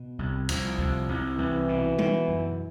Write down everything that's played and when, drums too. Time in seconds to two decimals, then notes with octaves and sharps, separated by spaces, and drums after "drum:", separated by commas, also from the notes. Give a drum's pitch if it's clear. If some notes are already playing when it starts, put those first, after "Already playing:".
Already playing: B2
0.19 C2
0.49 C2 F3, drum: cymbal
0.79 C2, drum: kick C#2
1.08 C2
1.38 C2 E3
1.69 B2
1.99 B2, drum: tom G3
2.28 F#2